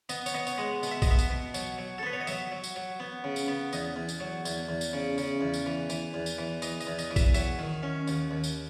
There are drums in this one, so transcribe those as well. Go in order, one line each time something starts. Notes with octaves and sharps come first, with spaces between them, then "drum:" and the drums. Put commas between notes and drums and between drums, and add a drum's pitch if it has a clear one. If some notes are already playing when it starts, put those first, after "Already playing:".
B3 D#5, drum: tambourine
C#5, drum: tambourine
B3 D#5
C#5, drum: tambourine
G#3 D#5
B2, drum: tambourine
E5
D#5, drum: kick A#1, tambourine
B3 E5
drum: tambourine
B2
F#3, drum: tambourine
F#3
A4
B3 B4
C#5
D#5
F#3 E5, drum: tambourine
F#3
drum: tambourine
F#3
B3
C#3
drum: tambourine
B3
E2 D#5, drum: tambourine
E2
drum: tambourine
F#3
E2, drum: tambourine
E2
drum: tambourine
C#3
C#3, drum: tambourine
E2
drum: tambourine
E3
E3, drum: tambourine
E2
drum: tambourine
E3
E3 D#5, drum: tambourine
D#5, drum: tambourine
E2
D#5, drum: tambourine
E3
E5, drum: kick A#1, tambourine
F#3 E5, drum: tambourine
D#3
C#4
D#2, drum: tambourine
D#2
drum: tambourine